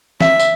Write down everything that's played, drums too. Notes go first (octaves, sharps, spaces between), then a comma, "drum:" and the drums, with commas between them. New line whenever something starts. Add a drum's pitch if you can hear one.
E5, drum: snare
drum: tambourine